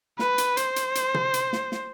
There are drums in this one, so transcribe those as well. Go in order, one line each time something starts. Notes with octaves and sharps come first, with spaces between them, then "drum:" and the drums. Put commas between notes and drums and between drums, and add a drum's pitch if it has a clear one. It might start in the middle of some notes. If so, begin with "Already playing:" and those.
B4, drum: snare
drum: hi-hat
C5, drum: hi-hat
drum: hi-hat
drum: hi-hat
drum: tom
drum: hi-hat
drum: snare
drum: snare